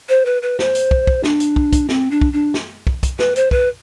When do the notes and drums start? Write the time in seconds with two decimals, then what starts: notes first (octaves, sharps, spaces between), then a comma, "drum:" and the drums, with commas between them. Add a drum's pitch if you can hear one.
0.09 C5
0.26 B4
0.42 B4
0.59 C5, drum: snare
0.75 drum: hi-hat
0.91 drum: kick
1.07 drum: kick
1.24 D4, drum: snare
1.40 drum: hi-hat
1.56 drum: kick
1.73 drum: kick, hi-hat
1.89 C4, drum: snare
2.11 D4
2.21 drum: kick
2.33 D4
2.54 drum: snare
2.87 drum: kick
3.03 drum: kick, hi-hat
3.19 B4, drum: snare
3.36 C5, drum: hi-hat
3.51 B4, drum: kick